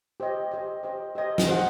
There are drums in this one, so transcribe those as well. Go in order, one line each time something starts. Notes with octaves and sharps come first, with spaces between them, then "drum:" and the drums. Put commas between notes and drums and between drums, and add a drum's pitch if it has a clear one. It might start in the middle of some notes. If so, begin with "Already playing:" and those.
G4 C5 D#5
G4 C5 D#5
G4 C5 D#5
G4 C5 D#5
drum: snare
G#4 C5 D#5 F#5